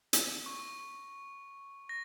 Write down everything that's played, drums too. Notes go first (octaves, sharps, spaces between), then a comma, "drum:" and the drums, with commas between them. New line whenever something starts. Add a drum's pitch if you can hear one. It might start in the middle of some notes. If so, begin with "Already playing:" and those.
drum: hi-hat
C#6
A#6